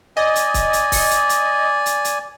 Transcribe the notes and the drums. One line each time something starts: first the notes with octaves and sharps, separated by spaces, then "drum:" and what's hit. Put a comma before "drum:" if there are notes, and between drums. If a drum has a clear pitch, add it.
D5 D#5 G#5
drum: hi-hat
drum: kick C#1, hi-hat
drum: hi-hat
drum: kick C#1, open hi-hat
drum: hi-hat
drum: hi-hat
drum: hi-hat
drum: hi-hat